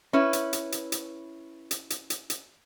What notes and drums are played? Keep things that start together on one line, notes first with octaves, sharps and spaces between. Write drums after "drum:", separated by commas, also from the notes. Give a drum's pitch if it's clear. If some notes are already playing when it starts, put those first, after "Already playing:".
C#4 E4 B4
drum: hi-hat
drum: hi-hat
drum: hi-hat
drum: hi-hat
drum: hi-hat
drum: hi-hat
drum: hi-hat
drum: hi-hat